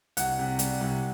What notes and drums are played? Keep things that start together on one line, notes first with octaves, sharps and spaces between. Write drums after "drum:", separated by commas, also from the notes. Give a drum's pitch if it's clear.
C2 F#5, drum: hi-hat
C3
G3, drum: hi-hat
C2